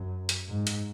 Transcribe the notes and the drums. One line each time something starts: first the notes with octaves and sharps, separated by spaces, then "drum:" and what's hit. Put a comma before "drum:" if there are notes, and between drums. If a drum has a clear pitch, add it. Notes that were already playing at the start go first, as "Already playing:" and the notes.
Already playing: F#2
drum: hi-hat
G#2
drum: hi-hat